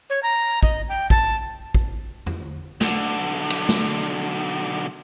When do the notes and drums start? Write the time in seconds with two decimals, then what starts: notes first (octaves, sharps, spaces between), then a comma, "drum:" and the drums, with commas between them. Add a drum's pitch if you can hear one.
0.10 C#5
0.23 A#5
0.63 D#5, drum: kick
0.89 G5
1.10 A5, drum: kick
1.74 drum: kick
2.26 drum: tom E2
2.81 B1 D3, drum: snare
3.50 drum: cymbal
3.69 drum: snare